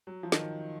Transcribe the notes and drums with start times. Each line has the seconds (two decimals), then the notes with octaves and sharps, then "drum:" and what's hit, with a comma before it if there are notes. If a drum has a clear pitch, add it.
0.07 F#3
0.23 F3
0.32 D#3, drum: snare